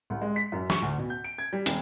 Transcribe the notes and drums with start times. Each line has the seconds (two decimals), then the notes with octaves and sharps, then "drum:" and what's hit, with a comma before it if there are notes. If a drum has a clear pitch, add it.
0.10 C2
0.22 G#3
0.36 B6
0.52 F#2
0.70 C#6, drum: snare
0.82 D2
0.98 B2
1.10 G6
1.24 D7
1.38 G#6
1.53 G3
1.66 E1, drum: hi-hat